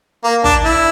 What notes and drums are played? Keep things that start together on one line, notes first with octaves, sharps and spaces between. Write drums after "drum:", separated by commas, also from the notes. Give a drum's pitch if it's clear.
A#3
D4, drum: kick
E4